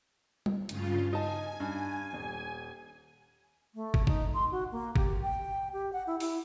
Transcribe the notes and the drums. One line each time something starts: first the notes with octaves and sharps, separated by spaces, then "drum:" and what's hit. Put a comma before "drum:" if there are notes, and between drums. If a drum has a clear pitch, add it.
drum: tom G3
G2 C#3 F4, drum: hi-hat
D#4 G#5 A5
G2
D#1
A3
drum: kick
D#4, drum: kick
C6
F#4
A#3
G4, drum: kick
G5
G4
F#5
E4
E4, drum: open hi-hat